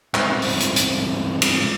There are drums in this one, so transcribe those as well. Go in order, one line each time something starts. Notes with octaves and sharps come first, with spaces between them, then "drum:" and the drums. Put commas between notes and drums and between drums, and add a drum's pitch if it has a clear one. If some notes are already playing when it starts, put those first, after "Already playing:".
C2 G#2, drum: clap
drum: open hi-hat
drum: hi-hat
drum: hi-hat
drum: cymbal